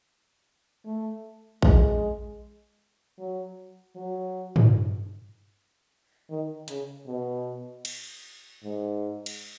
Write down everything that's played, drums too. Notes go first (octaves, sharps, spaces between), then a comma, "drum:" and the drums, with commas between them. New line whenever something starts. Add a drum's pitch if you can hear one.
A3
G#3, drum: kick A#1
F#3
F#3
drum: tom
D#3
C#3, drum: hi-hat
B2
drum: cymbal
G#2
drum: cymbal